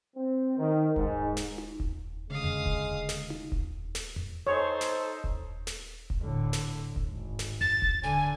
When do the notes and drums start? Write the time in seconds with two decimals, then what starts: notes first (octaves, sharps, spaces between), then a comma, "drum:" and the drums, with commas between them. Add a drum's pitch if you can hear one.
0.16 C4
0.58 D#3
0.96 G#2, drum: kick D#1
1.37 drum: snare
1.58 drum: tom D#4
1.80 drum: kick D#1
2.30 D2 C#3 G#3 F5 D#6
2.44 drum: tom E2
2.66 drum: kick D#1
3.09 drum: snare
3.30 drum: tom D#4
3.52 drum: kick D#1
3.95 drum: snare
4.16 drum: tom E2
4.47 D#4 A4 C5 C#5
4.81 drum: snare
5.24 drum: kick D#1
5.67 drum: snare
6.10 drum: kick D#1
6.22 A2 D3
6.53 drum: snare
6.96 drum: kick D#1
7.09 G#1
7.39 drum: snare
7.61 A6, drum: tom E2
7.82 drum: kick D#1
8.04 D3 G#5